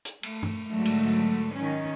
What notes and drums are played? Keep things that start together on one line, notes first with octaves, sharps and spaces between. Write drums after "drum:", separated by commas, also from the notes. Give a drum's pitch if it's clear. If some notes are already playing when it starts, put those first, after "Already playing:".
drum: hi-hat
A3, drum: cymbal
drum: tom
G#2 D3 F#3 A3, drum: tambourine
drum: cymbal
D#3 C#4